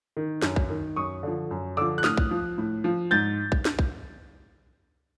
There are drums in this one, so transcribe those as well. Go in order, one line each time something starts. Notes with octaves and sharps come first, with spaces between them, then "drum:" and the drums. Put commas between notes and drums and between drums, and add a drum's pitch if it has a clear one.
D#3
F#2, drum: snare
drum: kick
D#3
F#2 C#6 D#6
D3 F3
F#2
D3 F3 D6 E6
F#6
A2 D#6 F6, drum: snare
drum: kick
F3
A2
F3
G#2 G6 A6
drum: kick
drum: snare
drum: kick